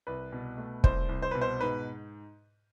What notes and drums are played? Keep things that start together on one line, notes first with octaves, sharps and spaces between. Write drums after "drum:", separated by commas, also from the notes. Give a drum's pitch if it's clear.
C2 B4
B2
A3
C2 C5, drum: kick
C2
C5
B2 B4
C5
G#2 B4